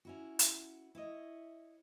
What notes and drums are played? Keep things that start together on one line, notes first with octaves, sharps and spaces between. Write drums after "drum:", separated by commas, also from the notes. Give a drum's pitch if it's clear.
C#4 E4 F#4
drum: hi-hat
E4 C#5 D#5